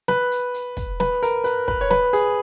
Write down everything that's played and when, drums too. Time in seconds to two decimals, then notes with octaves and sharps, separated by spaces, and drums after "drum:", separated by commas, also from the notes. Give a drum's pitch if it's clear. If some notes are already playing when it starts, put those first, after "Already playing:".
0.08 B4, drum: snare
0.31 drum: hi-hat
0.54 drum: hi-hat
0.77 drum: kick, hi-hat
1.00 B4, drum: snare
1.23 A#4, drum: hi-hat
1.44 B4, drum: hi-hat
1.68 B4, drum: kick
1.81 C#5
1.90 B4, drum: snare
2.13 G#4, drum: hi-hat